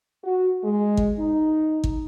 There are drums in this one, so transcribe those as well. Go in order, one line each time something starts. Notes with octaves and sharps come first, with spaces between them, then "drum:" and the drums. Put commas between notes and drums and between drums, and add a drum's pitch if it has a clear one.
F#4
G#3
drum: kick
D#4
drum: kick